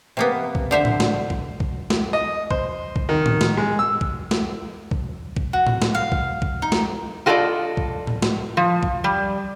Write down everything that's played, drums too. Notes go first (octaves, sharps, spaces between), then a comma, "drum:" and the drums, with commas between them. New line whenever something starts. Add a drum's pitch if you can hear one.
C3 A#3 B3
drum: kick
D3 C5 E5
drum: tom A2
drum: snare
drum: kick
drum: kick
drum: snare
D#5
C5, drum: kick
drum: kick
D#3
drum: tom A2
drum: snare
G#3
E6
drum: kick
drum: snare
drum: kick
drum: kick
F#4
drum: tom A2
drum: snare
F5
drum: kick
drum: kick
D#4
drum: snare
F4 F#4 A4 A#4 D5 D#5
drum: kick
drum: tom A2
drum: snare
F3
drum: kick
G3